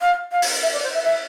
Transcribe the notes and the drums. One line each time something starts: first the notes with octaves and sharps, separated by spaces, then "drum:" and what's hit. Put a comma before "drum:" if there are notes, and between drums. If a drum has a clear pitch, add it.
F5
F5
drum: open hi-hat
E5
D5
C5
E5
E5